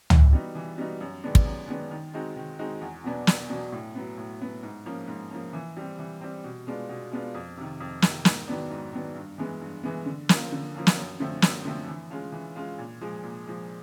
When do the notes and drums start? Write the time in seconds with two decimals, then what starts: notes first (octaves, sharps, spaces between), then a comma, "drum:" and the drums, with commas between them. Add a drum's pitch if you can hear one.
0.10 E3, drum: tom
0.33 G3 B3 D#4 F#4
0.55 E3
0.78 G3 B3 D#4 F#4
1.01 F#2
1.24 D#3 G#3 B3 D4
1.35 drum: kick
1.46 F#2
1.68 D#3 G#3 B3 D4
1.91 D#3
2.14 G#3 C4 D#4 F#4
2.36 D#3
2.59 G#3 C4 D#4 F#4
2.81 E2
3.04 B2 F#3 B3 D4
3.27 E2, drum: snare
3.50 B2 F#3 B3 D4
3.72 A2
3.95 F#3 B3
4.18 A2
4.41 F#3 B3
4.63 G#2
4.86 F3 A#3 C#4
5.08 G#2
5.31 F3 A#3 C#4
5.53 E3
5.77 G3 C4
5.99 E3
6.21 G3 C4
6.44 B2
6.67 G#3 B3 D4 F4
6.89 B2
7.12 G#3 B3 D4 F4
7.35 F2
7.57 C3 D#3
7.80 F2
8.02 C3 D#3, drum: snare
8.25 G#2, drum: snare
8.48 D#3 F#3 B3 D4
8.70 G#2
8.93 D#3 F#3 B3 D4
9.15 G2
9.38 E3 G#3 B3
9.62 G2
9.83 E3 G#3 B3
10.06 D3
10.29 F3 A#3 C#4 F4, drum: snare
10.52 D3
10.75 F3 A#3 C#4 F4
10.87 drum: snare
10.96 F#2
11.20 D3 F3 A3 C4
11.42 F#2, drum: snare
11.65 D3 F3 A3 C4
11.88 E3
12.10 G#3 C#4 F4
12.32 E3
12.56 G#3 C#4 F4
12.78 A#2
13.01 F3 G#3
13.23 A#2
13.47 F3 G#3